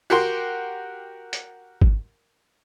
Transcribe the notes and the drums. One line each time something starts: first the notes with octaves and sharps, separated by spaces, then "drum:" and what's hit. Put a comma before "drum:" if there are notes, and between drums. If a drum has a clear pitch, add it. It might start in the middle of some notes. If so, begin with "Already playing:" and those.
F#4 G4 A#4 G5 C6
drum: hi-hat
drum: kick G#1